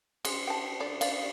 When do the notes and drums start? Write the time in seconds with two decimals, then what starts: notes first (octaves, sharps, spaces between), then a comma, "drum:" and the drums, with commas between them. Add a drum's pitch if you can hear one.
0.25 G#3, drum: cymbal
0.47 G5 A5
0.80 D3 D5
1.01 D5 F5, drum: cymbal